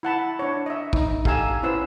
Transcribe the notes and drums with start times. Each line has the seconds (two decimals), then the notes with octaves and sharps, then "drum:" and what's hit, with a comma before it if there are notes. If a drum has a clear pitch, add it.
0.03 E4 F#5 A5 B5
0.39 D4 C#5
0.66 D#5 E5
0.93 D#4, drum: kick
1.25 G4 A4 F5 G#5 A#5 E6, drum: kick
1.63 C#4 E4 B4 C5 E6